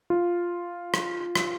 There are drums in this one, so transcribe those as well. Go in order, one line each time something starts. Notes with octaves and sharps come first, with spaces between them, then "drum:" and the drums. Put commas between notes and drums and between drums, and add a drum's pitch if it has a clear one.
F4
drum: rim click
drum: rim click